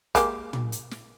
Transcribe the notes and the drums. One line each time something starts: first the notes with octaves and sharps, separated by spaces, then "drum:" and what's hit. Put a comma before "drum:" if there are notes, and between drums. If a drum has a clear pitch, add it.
G#3 A#3 G4, drum: kick, hi-hat
drum: tom
drum: hi-hat
drum: snare